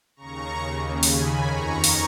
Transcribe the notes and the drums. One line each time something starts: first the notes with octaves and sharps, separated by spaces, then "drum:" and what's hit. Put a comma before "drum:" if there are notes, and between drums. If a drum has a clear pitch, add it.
D#2 C#3 A#5 C#6
D#2 C#3
D#2 C#3 G#5 B5, drum: open hi-hat
F2 D#3 A#5 C#6
drum: open hi-hat